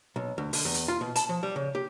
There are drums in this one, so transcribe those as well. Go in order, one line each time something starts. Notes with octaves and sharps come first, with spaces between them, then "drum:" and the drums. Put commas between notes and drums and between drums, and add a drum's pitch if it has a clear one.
B1
D2
D3, drum: open hi-hat
E2
drum: hi-hat
F4
B2
A5, drum: hi-hat
F3
G3
C#3
G4